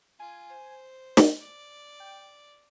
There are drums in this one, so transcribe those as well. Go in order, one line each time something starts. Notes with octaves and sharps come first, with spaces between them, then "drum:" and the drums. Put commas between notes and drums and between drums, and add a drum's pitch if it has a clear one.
F4 G#5
C5
drum: snare
D5
G5